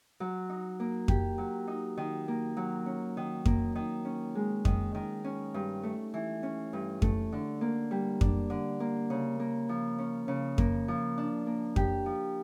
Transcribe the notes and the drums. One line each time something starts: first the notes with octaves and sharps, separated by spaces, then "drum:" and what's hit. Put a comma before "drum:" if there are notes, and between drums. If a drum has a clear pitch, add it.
F#3
D#4
A#3
G4, drum: kick F2
F#3
D#4
D#3
A#3
F#3
C#4
D#3
A#3, drum: kick F2
D#3
C#4
G#3
D#3, drum: kick F2
D#3
C#4
G2
A3
E3
C#4
G2
A3, drum: kick F2
D3
A#3
G3
D4, drum: kick F2
D3
A#3
C#3
A#3
F3
C#4
C#3
A#3, drum: kick F2
F3
D4
A#3
G4, drum: kick F2
F3